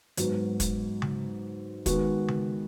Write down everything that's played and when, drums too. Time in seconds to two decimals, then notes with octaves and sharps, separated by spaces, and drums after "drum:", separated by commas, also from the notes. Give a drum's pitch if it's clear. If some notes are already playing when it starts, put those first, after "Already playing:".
0.17 G#2 F#3 B3 F#4, drum: hi-hat
0.60 drum: kick, hi-hat
1.02 drum: tom C#3
1.86 D#3 G#3 B3 F#4, drum: kick, hi-hat
2.28 drum: tom C#3